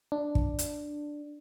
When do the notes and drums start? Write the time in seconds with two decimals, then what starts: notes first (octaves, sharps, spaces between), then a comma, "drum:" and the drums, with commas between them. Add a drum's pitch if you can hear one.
0.12 D4
0.35 drum: kick
0.59 drum: hi-hat